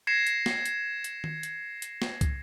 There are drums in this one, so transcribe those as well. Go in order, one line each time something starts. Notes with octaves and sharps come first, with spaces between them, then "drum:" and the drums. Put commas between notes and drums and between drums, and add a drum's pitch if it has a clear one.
G#6 A#6 C7 C#7 E7
drum: hi-hat
drum: snare
drum: hi-hat
drum: hi-hat
drum: tom D#3
drum: hi-hat
drum: hi-hat
drum: snare
drum: kick, hi-hat